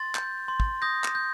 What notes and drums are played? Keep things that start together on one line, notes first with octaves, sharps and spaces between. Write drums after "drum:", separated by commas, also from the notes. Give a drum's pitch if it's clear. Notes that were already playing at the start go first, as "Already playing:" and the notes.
Already playing: C6 A6
G6, drum: clap
C6
drum: kick
D#6 G6 A#6
drum: clap
G6